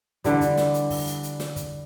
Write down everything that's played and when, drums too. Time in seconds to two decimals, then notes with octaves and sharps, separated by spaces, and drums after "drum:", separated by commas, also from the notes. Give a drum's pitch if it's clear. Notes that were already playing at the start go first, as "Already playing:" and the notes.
0.24 D3 E3 G3, drum: kick, hi-hat
0.41 drum: kick, hi-hat
0.57 drum: snare
0.74 drum: hi-hat
0.90 drum: kick, open hi-hat
1.07 drum: hi-hat
1.23 drum: hi-hat
1.40 drum: snare
1.56 drum: kick, hi-hat